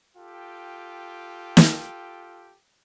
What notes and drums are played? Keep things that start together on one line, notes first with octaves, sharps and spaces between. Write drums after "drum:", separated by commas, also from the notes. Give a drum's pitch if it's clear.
F4 G4 A4 G5
drum: snare